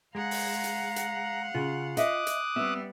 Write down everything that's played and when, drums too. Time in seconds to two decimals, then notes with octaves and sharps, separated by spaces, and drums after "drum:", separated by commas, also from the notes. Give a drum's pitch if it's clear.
0.15 G#3 F5 F#5 A#5
0.31 drum: open hi-hat
0.64 drum: hi-hat
0.96 drum: hi-hat
1.55 C#3 F4
1.97 D#5 E5 D6 D#6 F#6, drum: hi-hat
2.27 drum: hi-hat
2.56 G3 B3 C4 E5